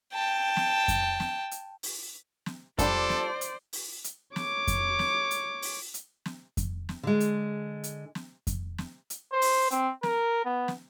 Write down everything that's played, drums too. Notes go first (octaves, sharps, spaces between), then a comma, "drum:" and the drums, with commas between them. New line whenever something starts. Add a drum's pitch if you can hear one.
G5 A5
drum: snare
drum: kick F2, hi-hat
drum: snare
drum: hi-hat
drum: open hi-hat
drum: snare
G3 D4 F4 A4 C5 D5, drum: kick F2, hi-hat
drum: snare
drum: hi-hat
drum: open hi-hat
drum: hi-hat
C#5 D6, drum: snare
drum: kick F2, hi-hat
drum: snare
drum: hi-hat
drum: open hi-hat
drum: hi-hat
drum: snare
drum: kick F2, hi-hat
drum: snare
D3 G#3
drum: hi-hat
drum: hi-hat
drum: snare
drum: kick F2, hi-hat
drum: snare
drum: hi-hat
C5
drum: open hi-hat
C4, drum: hi-hat
A#4, drum: snare
B3
drum: snare